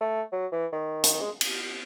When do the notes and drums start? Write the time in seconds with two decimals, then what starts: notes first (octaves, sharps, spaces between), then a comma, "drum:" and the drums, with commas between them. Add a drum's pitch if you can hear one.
0.01 A3
0.32 F#3
0.52 E3
0.72 D#3
1.04 drum: hi-hat
1.21 G#3
1.41 drum: cymbal